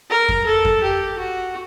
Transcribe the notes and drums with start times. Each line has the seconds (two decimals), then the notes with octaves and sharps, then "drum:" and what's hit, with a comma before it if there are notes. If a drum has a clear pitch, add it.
0.10 A#4
0.29 drum: kick F2
0.46 A4
0.65 drum: kick F2
0.83 G4
1.18 F#4